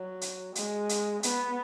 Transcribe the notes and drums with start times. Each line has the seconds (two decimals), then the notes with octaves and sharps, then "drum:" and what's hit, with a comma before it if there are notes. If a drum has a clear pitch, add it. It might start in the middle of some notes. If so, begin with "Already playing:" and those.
Already playing: F#3
0.21 drum: hi-hat
0.55 G#3, drum: hi-hat
0.89 drum: hi-hat
1.23 B3, drum: hi-hat